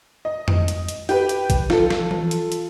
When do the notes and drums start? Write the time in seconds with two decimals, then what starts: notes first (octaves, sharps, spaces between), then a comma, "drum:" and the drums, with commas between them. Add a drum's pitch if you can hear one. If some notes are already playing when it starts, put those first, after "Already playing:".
0.25 D#5
0.48 drum: tom F2
0.68 drum: hi-hat
0.88 drum: hi-hat
1.09 G4 B4, drum: open hi-hat
1.29 drum: hi-hat
1.50 drum: kick, hi-hat
1.70 F4 A4, drum: snare
1.90 drum: snare
2.11 drum: tom E3
2.31 drum: hi-hat
2.52 drum: hi-hat